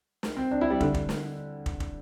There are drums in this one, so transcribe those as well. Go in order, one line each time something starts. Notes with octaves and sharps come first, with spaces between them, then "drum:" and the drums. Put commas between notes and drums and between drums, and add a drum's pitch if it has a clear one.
drum: snare
C4
D4
E4
G3
D3, drum: kick
drum: kick
drum: snare
drum: kick
drum: kick